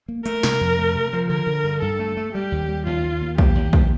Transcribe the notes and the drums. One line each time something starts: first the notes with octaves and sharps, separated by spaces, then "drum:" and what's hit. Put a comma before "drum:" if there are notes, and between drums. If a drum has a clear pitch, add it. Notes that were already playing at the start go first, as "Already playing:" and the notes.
A#3
A3 A#4, drum: hi-hat
C3, drum: snare
F2
A3
C3
F3
D3 A#4
D3
G2
G2 A4
A3
A3
G3 G4
D#2
G3
D#2 F4
D#2
D#2
A#3 G4, drum: kick
D#2
A#3, drum: kick